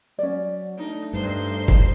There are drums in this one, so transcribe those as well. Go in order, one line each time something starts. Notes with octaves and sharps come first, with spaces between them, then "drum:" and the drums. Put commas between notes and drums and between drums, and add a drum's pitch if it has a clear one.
F#3 C#4 D5
A3 D4 D#4
G2 D#4 C5
drum: kick